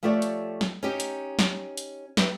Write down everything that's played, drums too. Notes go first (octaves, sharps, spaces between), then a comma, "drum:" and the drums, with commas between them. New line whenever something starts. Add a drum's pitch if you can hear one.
F3 A3 G4 C#5 D5
drum: hi-hat
drum: snare
C#4 D#4 G4
drum: hi-hat
drum: snare
drum: hi-hat
B3 G4 E5, drum: snare